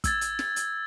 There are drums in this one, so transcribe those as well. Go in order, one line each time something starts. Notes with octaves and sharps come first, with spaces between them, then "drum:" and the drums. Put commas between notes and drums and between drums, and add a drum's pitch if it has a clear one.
E6 G#6 A6, drum: kick, hi-hat
drum: hi-hat
drum: snare
drum: hi-hat